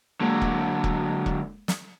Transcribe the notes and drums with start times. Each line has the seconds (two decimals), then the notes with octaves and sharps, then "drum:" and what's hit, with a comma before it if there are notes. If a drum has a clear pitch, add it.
0.20 D3 F#3 G#3 A#3
0.42 drum: kick E1
0.84 drum: kick E1
1.26 drum: kick E1
1.68 drum: snare